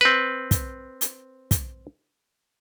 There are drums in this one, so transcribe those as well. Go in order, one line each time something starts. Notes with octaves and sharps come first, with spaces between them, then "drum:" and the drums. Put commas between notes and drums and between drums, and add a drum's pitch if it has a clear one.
C4 B4
drum: kick, hi-hat
drum: hi-hat
drum: kick, hi-hat